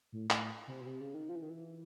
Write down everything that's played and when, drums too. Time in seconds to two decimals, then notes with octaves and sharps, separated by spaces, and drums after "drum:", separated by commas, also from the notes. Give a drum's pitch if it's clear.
0.12 A2
0.30 A2, drum: clap
0.68 C3
0.81 B2
0.86 C3
1.01 C#3
1.14 D#3
1.29 F3
1.36 E3
1.42 D#3
1.50 E3